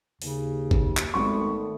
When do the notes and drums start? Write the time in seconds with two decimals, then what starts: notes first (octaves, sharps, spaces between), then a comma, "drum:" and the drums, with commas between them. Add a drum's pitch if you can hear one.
0.22 D#2 C#3, drum: open hi-hat
0.71 drum: kick
0.97 drum: clap
1.14 G#1 D#3 A3 B3 C#6